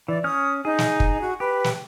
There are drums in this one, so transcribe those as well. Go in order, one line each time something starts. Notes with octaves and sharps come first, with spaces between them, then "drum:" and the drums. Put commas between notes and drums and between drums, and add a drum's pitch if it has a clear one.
E3 D5
C#4 D#6 F6
D#4 G#4
drum: snare
drum: kick
F#4
G4 B4
drum: snare